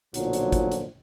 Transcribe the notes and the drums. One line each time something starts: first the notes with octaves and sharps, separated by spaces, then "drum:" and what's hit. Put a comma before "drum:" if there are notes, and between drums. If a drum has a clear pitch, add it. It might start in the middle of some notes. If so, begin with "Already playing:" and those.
B1 A#2 D3 F3 F#3, drum: hi-hat
drum: hi-hat
drum: kick G#1, hi-hat
drum: hi-hat